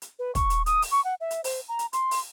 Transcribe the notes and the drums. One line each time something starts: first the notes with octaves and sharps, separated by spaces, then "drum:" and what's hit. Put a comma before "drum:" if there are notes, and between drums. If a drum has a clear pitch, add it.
drum: hi-hat
B4
C#6, drum: kick, hi-hat
drum: hi-hat
D#6, drum: hi-hat
drum: open hi-hat
C#6
F#5
E5
drum: hi-hat
C5, drum: open hi-hat
A#5
drum: hi-hat
C6, drum: hi-hat
drum: open hi-hat